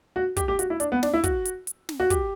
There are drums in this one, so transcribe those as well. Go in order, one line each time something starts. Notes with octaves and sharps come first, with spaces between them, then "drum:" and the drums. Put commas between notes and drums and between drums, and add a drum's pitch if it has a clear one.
F#4
G4, drum: kick, hi-hat
G4
F#4, drum: hi-hat
E4
D4, drum: hi-hat
B3
D4, drum: snare
E4
F#4, drum: kick, hi-hat
drum: hi-hat
drum: hi-hat
drum: snare
F#4
G4, drum: kick, hi-hat